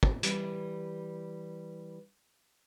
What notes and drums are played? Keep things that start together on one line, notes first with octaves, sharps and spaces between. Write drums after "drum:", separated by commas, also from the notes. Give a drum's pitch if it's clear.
drum: kick
E3 G3, drum: hi-hat